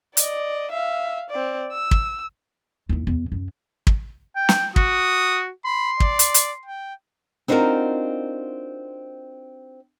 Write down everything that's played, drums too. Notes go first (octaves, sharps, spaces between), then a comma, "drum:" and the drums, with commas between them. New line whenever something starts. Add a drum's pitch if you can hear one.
D5 D#5, drum: hi-hat
E5 F5
C4 D5
E6
drum: kick
D#2 E4
E2
F#2
drum: kick
G5
drum: snare
F#4 D#6, drum: kick
B5 C6
D5, drum: kick
drum: hi-hat
drum: hi-hat
G5
C4 D4 D#4 F4 F#4 A#4